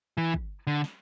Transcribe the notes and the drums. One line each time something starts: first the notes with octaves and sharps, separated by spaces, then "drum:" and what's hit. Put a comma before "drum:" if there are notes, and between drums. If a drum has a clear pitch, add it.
E3
drum: kick
D3
drum: snare